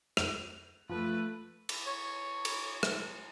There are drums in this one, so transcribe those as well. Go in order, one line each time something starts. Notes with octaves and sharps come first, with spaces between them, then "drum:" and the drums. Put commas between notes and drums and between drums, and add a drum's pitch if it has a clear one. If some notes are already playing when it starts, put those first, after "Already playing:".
F7, drum: rim click
F3 A3 B4
drum: cymbal
C#5
drum: cymbal
drum: rim click